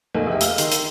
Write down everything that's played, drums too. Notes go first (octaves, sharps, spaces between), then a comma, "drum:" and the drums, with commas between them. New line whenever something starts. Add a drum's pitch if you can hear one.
A#1 E2 A3 A#3 D#4
F1 G4 G#4 D#5 E5
F5 E6, drum: hi-hat
D#3 D#4 C6, drum: hi-hat
drum: hi-hat